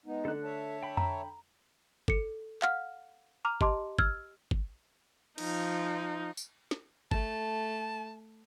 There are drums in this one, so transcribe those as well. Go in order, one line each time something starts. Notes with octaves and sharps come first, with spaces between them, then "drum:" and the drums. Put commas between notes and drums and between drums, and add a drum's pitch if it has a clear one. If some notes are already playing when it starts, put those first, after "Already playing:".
G#3 B3 D#4
D3 A3 A4 F#6
C#5 E5 A5
G5 B5
A#5, drum: tom F2
A4 C#7, drum: kick
F5 F#5 F6, drum: clap
A#5 D6 F6 F7
G4 D#5 A5 C6 D6, drum: kick
E6 F6 G#6, drum: kick
drum: kick
F3 D#4, drum: cymbal
drum: tambourine
drum: snare
A3 A5, drum: kick